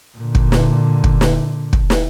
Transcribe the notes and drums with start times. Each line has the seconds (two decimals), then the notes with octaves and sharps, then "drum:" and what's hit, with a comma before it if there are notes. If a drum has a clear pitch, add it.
0.17 A#2 D3
0.35 drum: kick
0.52 drum: snare
1.04 drum: kick
1.21 drum: snare
1.73 drum: kick
1.90 drum: snare